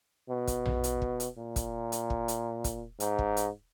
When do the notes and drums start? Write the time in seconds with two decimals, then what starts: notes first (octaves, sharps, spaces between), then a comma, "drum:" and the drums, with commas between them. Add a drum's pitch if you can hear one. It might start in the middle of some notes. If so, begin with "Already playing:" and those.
0.29 B2
0.47 drum: kick, hi-hat
0.66 drum: tom A#1
0.84 drum: hi-hat
1.02 drum: kick
1.20 drum: hi-hat
1.38 A#2
1.56 drum: kick, hi-hat
1.92 drum: hi-hat
2.10 drum: kick
2.28 drum: hi-hat
2.64 drum: kick, hi-hat
3.00 G#2, drum: hi-hat
3.19 drum: kick
3.37 drum: hi-hat